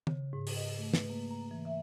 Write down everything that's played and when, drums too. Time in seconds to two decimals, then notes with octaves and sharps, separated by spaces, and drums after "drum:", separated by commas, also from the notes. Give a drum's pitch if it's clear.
0.07 C#3, drum: tom
0.33 G#2
0.47 drum: open hi-hat
0.56 D#5
0.79 A3
0.94 B4, drum: snare
1.10 A#3
1.31 A#5
1.51 E3
1.65 E5